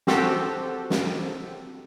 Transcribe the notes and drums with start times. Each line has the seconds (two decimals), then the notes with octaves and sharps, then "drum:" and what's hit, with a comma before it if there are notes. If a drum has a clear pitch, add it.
0.07 C4 F#4 G4 A4, drum: snare
0.90 drum: snare